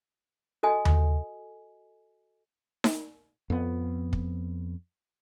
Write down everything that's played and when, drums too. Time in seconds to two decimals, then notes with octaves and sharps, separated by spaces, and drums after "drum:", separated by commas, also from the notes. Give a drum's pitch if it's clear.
0.63 F#4 A4 D#5 G#5
0.85 drum: tom D#2
2.84 drum: snare D#4
3.50 F2 B3
4.13 drum: kick